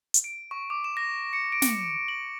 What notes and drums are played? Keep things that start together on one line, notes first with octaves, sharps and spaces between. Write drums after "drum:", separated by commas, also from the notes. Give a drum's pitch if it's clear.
drum: hi-hat
D7
C#6
D6
E7
A#6
C#7
D7
drum: snare
F#7